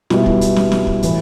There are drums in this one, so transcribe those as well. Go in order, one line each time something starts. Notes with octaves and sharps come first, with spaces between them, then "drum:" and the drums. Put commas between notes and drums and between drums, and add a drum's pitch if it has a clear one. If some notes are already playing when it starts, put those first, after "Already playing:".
B2 G3 B3 E4, drum: snare
drum: kick
drum: hi-hat
drum: snare
drum: snare
drum: kick
A2 E3, drum: hi-hat